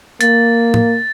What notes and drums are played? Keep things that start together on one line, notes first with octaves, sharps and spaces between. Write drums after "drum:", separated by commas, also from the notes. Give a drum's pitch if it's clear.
A#3 A6, drum: hi-hat
drum: tom A2